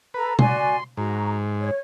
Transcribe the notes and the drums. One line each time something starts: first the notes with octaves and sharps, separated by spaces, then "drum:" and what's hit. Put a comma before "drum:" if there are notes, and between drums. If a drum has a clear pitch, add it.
A4 B4 A#5
F#4 D5 G#5 C6, drum: tom B2
G#2 F#4 A#5
C#5